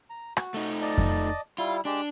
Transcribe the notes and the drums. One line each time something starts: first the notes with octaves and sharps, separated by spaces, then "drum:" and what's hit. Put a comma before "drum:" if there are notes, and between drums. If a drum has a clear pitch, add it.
A#5
F#4, drum: rim click
A3 D#4
D5 D#5 A5
drum: kick F2
G3 E4 F4
G#3 D4 G4